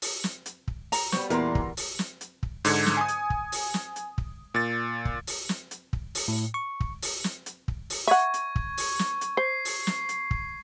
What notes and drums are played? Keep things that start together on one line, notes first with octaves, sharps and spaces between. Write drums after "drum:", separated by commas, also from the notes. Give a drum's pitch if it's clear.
drum: open hi-hat
drum: snare
drum: hi-hat
drum: kick
A#5, drum: open hi-hat
G3 B3 F#4 C5 C#6, drum: snare
E2 A#2 E3 D4 A#4 A#5 C6, drum: hi-hat
drum: kick
drum: open hi-hat
drum: snare
drum: hi-hat
drum: kick
G#2 D3 G#6 C#7, drum: open hi-hat
drum: snare
G#5 D#6
drum: hi-hat
drum: kick
drum: open hi-hat
drum: snare
drum: hi-hat
drum: kick
A#2 A6
drum: kick
drum: open hi-hat
drum: snare
drum: hi-hat
drum: kick
drum: open hi-hat
A2
C#6
drum: kick
drum: open hi-hat
drum: snare
drum: hi-hat
drum: kick
drum: open hi-hat
E5 F#5 C#6 G#6
drum: hi-hat
drum: kick
drum: open hi-hat
drum: snare
drum: hi-hat
C5 C7
drum: open hi-hat
drum: snare
drum: hi-hat
drum: kick